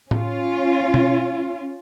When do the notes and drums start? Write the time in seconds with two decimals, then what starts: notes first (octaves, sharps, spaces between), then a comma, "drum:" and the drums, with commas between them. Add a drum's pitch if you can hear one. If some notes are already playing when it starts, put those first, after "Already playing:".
0.11 C#4 F4, drum: tom A2
0.94 drum: tom B2